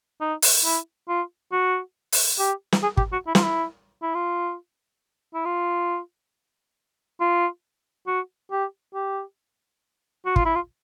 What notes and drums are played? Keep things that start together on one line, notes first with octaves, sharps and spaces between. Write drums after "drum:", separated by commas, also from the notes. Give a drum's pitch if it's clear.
D#4
drum: open hi-hat
E4
F4
F#4
drum: open hi-hat
G4
drum: snare
G#4
G4, drum: kick
F#4
E4
F4, drum: snare
E4
E4
F4
E4
F4
F4
F#4
G4
G4
F#4
F4, drum: kick
E4
F4